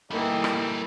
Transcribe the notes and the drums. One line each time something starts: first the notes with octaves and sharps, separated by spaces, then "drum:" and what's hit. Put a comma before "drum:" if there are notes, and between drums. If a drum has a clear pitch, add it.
E3 G3 A3 A#3 D#4 G5
drum: rim click